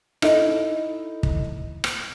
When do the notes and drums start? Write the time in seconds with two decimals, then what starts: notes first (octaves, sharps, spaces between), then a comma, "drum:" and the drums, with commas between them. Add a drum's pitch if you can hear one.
0.22 D#4 E4 A4 D#5, drum: rim click
1.23 drum: kick
1.84 drum: rim click